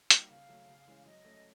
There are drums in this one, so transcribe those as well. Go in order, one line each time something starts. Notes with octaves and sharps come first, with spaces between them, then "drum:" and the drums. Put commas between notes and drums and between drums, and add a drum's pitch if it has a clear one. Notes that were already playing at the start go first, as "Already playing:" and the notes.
G3 A#3 D#4 F#4 G5, drum: hi-hat
C#3 F5
F#3 A3
C#3
E3 G#3 C#4
F#3 D#5
A3 C#4